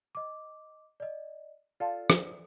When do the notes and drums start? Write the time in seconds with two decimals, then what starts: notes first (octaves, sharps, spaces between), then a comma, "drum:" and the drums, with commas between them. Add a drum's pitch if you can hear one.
0.15 D#5 D6
1.00 D5 D#5
1.80 F4 A4 D5
2.10 drum: rim click